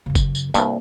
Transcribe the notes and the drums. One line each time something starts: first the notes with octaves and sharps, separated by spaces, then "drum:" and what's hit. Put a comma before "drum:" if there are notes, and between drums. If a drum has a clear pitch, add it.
F#2 C#3
drum: kick F#1, tambourine
drum: tambourine
C2 G2 A#3, drum: tambourine